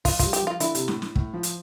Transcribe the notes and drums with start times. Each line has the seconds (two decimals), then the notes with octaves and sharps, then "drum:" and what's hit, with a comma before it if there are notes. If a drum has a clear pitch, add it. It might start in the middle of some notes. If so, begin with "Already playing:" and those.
0.05 F3 F4, drum: kick, open hi-hat
0.19 G3 F4, drum: kick, hi-hat
0.33 G4, drum: hi-hat
0.42 F3 F4
0.60 D3 E4, drum: hi-hat
0.75 C3, drum: hi-hat
0.88 A2, drum: snare
1.02 drum: snare
1.16 A2, drum: kick
1.33 F3
1.43 drum: hi-hat